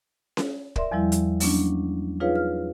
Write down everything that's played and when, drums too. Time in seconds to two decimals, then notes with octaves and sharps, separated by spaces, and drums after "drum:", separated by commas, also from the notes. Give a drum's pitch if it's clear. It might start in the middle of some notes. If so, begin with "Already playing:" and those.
0.37 drum: snare C#4
0.76 A#4 D5 E5 C6, drum: kick
0.91 E2 F3 G3 E4
1.12 drum: hi-hat
1.40 F#3 A#3 C#4 D4, drum: open hi-hat
2.20 D#4 F4 G#4 B4 C#5 F5
2.36 F6